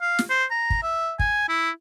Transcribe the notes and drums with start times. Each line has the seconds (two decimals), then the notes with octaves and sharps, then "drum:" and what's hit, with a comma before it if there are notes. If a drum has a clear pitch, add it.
0.01 F5
0.19 drum: snare
0.30 C5
0.51 A#5
0.70 drum: kick
0.83 E5
1.19 G#5, drum: kick
1.49 E4